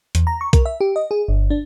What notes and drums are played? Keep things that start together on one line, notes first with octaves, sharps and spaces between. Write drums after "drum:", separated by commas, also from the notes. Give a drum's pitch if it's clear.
E2, drum: hi-hat
A#5
C#6
A#4, drum: kick B1, hi-hat
E5
G4
D#5
G#4
G1
D4